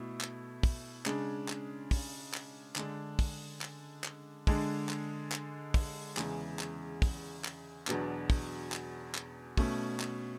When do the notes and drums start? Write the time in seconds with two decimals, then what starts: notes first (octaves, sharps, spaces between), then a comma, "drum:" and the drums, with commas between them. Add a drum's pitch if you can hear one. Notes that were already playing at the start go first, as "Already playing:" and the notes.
Already playing: B2 A3 E4
0.21 drum: clap
0.63 drum: kick, open hi-hat
1.06 C#3 G#3 D4, drum: clap
1.49 drum: clap
1.91 drum: kick, open hi-hat
2.34 drum: clap
2.76 D3 G#3 D4, drum: clap
3.19 drum: kick, open hi-hat
3.61 drum: clap
4.04 drum: clap
4.47 D3 G#3 D4, drum: kick, open hi-hat
4.89 drum: clap
5.32 drum: clap
5.74 drum: kick, open hi-hat
6.17 E2 C#3 E3 G#3, drum: clap
6.59 drum: clap
7.02 drum: kick, open hi-hat
7.45 drum: clap
7.87 E2 B2 F#3 B3 D4, drum: clap
8.30 drum: kick, open hi-hat
8.72 drum: clap
9.15 drum: clap
9.57 B2 A3 C#4, drum: kick, open hi-hat
10.00 drum: clap